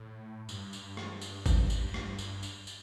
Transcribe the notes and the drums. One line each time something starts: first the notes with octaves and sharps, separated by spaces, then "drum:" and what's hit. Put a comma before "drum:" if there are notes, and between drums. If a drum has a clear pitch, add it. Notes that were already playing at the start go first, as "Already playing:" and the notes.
Already playing: A2
G2, drum: tambourine
drum: tambourine
drum: rim click
drum: tambourine
drum: kick, tambourine
drum: tambourine
drum: rim click
drum: tambourine
drum: tambourine
drum: tambourine